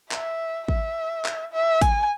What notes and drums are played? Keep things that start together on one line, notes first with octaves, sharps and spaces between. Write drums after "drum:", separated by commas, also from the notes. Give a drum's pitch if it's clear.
E5, drum: clap
E5, drum: kick
drum: clap
E5
G#5, drum: kick, hi-hat